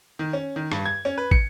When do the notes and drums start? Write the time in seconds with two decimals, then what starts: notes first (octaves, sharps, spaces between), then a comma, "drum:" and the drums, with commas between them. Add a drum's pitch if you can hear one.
0.19 D#3
0.33 C#4
0.56 D#3
0.72 G2, drum: rim click
0.86 G#6
1.05 C#4
1.18 B4
1.31 C#7, drum: kick